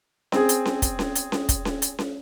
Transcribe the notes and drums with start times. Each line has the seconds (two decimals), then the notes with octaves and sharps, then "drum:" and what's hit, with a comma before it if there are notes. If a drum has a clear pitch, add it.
0.32 C4 G#4, drum: snare C#4
0.49 drum: hi-hat
0.65 drum: snare C#4
0.82 drum: kick, hi-hat
0.99 drum: snare C#4
1.15 drum: hi-hat
1.32 drum: snare C#4
1.49 drum: kick, hi-hat
1.65 drum: snare C#4
1.82 drum: hi-hat
1.99 drum: snare C#4